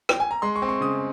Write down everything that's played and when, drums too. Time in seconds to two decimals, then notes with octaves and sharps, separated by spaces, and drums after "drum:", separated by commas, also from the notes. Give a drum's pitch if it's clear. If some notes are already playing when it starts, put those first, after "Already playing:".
0.09 G5, drum: rim click
0.20 G#5
0.31 A#5
0.42 G#3 C6
0.56 C#6
0.62 C4
0.69 C#6
0.81 C#3 D#6